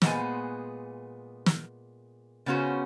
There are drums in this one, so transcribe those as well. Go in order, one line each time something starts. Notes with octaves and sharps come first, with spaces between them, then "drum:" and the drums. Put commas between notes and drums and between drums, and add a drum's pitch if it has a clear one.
A#2 G#3 B3 C5 G#5, drum: snare
drum: snare
C#3 B3 C#4 F#4 C5